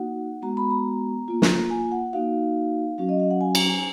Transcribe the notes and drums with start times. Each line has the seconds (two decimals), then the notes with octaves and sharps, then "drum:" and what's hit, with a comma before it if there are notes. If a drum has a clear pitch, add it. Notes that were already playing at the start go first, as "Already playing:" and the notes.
Already playing: A#3 D#4 F#4 F#5
0.42 G#3 B3 F#4 A#5
0.57 B5
0.71 A#5
1.28 A#3 F4
1.42 drum: snare
1.70 G#5
1.92 F#5
2.13 A#3 D#4 F#4 F5
2.98 F#3 C#4 F#4 F5
3.09 D#5
3.20 F5
3.31 F#5
3.41 G#5
3.55 A#5, drum: cymbal
3.69 G#5